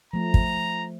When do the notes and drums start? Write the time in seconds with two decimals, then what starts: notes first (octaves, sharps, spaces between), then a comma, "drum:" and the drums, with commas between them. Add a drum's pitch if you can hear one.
0.13 F3 A3 A#5
0.34 drum: kick